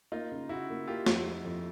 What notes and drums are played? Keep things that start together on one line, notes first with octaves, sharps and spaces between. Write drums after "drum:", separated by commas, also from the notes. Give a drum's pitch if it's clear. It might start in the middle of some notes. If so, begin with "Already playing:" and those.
A#3 D#4 F4
C#3
C#3 E4 F#4
A#3
A#3 F4 G4
F2, drum: snare
F3
F2